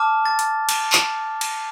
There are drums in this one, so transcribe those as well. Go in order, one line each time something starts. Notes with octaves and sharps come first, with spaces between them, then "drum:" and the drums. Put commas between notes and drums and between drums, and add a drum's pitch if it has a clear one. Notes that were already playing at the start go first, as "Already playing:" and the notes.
Already playing: A5 D6 F6
A6
drum: hi-hat
drum: cymbal
drum: clap
drum: cymbal